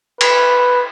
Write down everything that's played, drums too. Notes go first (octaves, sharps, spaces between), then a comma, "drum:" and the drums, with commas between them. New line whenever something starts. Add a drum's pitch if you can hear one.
B4, drum: cymbal